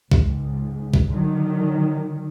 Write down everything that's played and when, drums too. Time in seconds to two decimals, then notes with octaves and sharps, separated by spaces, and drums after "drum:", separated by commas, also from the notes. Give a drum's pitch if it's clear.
0.12 C#2 G#2, drum: kick B1
0.94 drum: kick B1
1.09 D3 D#3 F#3